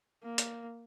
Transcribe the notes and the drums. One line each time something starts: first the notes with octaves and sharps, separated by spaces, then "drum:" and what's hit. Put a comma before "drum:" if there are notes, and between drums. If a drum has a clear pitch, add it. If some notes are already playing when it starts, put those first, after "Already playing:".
A#3
drum: hi-hat